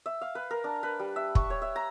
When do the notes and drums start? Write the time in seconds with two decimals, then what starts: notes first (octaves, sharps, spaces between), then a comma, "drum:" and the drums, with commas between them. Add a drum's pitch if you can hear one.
0.06 E5
0.21 F5
0.35 B4
0.51 A#4
0.64 D4
0.83 B4
1.00 G3
1.16 E5
1.35 C#6, drum: kick
1.50 C#5
1.62 E5
1.76 A#5